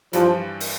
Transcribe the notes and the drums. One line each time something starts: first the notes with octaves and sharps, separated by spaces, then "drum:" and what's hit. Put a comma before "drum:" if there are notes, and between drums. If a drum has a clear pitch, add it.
G2 E3 F3 G3, drum: hi-hat
drum: open hi-hat